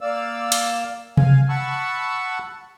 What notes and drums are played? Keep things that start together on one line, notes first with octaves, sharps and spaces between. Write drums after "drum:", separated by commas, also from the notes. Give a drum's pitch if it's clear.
A#3 D5 F5 E6
drum: hi-hat
F5 G#5, drum: tom C3
F#5 A5 B5 C#6 E6